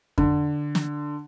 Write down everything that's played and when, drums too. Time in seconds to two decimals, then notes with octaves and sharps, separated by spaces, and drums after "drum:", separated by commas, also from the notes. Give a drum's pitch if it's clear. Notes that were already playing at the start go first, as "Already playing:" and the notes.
0.18 D3, drum: kick F2
0.75 drum: snare